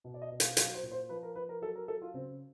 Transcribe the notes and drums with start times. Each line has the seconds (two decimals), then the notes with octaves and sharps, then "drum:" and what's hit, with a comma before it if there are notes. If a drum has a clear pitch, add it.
0.04 B2
0.14 D5
0.22 D#5
0.31 B2
0.40 F5, drum: hi-hat
0.57 F#3 F5, drum: hi-hat
0.74 C5
0.83 A#2
0.92 C5
1.09 F3 B4
1.23 A#4
1.35 F3 B4
1.49 A#4
1.62 F#3 A4
1.76 A#4
1.88 F#3 A4
2.02 F4
2.14 C#3 C4